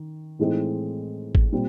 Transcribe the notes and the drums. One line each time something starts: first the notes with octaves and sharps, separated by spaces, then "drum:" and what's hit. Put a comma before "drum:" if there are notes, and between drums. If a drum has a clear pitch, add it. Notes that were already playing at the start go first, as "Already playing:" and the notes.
Already playing: D#3
A2 E3 G#3 C4 D#4
drum: kick G#1
A#2 G3 C4